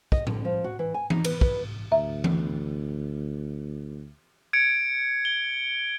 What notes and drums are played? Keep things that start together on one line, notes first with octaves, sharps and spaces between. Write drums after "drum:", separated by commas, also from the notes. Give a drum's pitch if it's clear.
D#5, drum: kick
D3, drum: tom A2
F3
F#4
E3
G#5
D#4, drum: tom E3
B4, drum: cymbal
B4, drum: kick
D2 E5 A#5
drum: tom E3
G#6 C#7 D7
G7